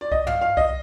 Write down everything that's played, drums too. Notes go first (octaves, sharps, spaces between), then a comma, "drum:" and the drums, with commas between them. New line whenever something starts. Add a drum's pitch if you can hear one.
D5
D#5, drum: kick C2
F5, drum: tom
F5
D#5, drum: kick C2